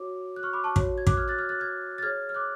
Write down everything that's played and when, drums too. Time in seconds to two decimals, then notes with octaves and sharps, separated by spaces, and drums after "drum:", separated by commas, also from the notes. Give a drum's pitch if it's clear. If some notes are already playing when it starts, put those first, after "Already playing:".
Already playing: F#4 C#5 D6
0.36 F#6
0.43 C#6 F6
0.53 B5 D6
0.64 A5 C#6
0.76 F#4 C#5, drum: kick
0.98 G#6
1.07 D6 F#6, drum: kick
1.17 F6 G#6
1.28 F#6 A6
1.39 F6 G#6
1.49 F#6 A6
1.60 F6 G#6
1.98 A6
2.02 G#4 C#5 F6 G#6
2.29 F6
2.34 D6 F#6